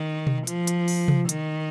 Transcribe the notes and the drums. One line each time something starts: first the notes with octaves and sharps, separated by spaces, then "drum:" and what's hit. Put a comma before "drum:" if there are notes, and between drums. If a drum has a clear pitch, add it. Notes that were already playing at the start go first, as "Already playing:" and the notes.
Already playing: D#3
drum: tom B2
F3, drum: hi-hat
drum: hi-hat
drum: open hi-hat
drum: tom C3
D#3, drum: hi-hat